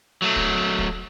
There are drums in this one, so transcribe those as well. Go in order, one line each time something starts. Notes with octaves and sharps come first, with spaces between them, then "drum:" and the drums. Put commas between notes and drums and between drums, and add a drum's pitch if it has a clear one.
F#3 A3
drum: kick
drum: kick